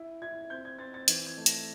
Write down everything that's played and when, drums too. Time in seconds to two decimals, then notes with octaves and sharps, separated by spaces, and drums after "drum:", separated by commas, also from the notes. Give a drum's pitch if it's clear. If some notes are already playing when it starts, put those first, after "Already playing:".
Already playing: E4
0.22 E4 G#6
0.50 C4 G6
0.65 G#6
0.79 C4 A6
0.94 A6
1.08 E3 G#6, drum: hi-hat
1.27 G#6
1.37 A3
1.46 A#6, drum: hi-hat